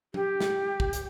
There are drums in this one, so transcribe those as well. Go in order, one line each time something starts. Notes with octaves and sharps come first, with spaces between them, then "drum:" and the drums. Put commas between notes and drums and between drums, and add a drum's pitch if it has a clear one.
G4, drum: tom F#3
drum: snare
drum: kick
drum: hi-hat